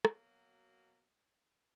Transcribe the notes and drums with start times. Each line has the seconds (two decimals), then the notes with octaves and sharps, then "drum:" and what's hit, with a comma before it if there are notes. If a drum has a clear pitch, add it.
0.05 B2 F#3 A#3, drum: rim click